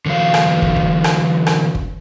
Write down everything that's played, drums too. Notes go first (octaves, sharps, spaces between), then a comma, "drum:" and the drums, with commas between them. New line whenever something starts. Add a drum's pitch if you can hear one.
D3 E3 F#3 F5
drum: rim click
drum: kick
drum: kick
drum: rim click
drum: rim click
drum: kick